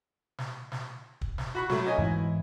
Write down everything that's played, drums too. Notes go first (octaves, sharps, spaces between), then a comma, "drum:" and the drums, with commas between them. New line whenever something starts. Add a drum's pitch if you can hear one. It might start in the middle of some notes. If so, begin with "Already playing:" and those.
drum: snare
drum: snare
drum: kick
drum: snare
F#4 B5 C#6
F#3 A3, drum: snare
C#4 D#5 G#5
E2 G#2 E3 E4